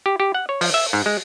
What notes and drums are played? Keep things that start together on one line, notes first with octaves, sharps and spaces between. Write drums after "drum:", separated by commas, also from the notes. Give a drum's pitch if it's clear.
G4
G4
F#5
C#5
F3, drum: open hi-hat
E5
G#2
G#3